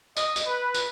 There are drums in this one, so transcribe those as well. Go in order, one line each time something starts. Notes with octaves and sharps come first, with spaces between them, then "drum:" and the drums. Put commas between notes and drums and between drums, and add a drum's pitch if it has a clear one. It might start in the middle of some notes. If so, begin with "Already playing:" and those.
D#5, drum: tambourine
drum: tambourine
B4
drum: tambourine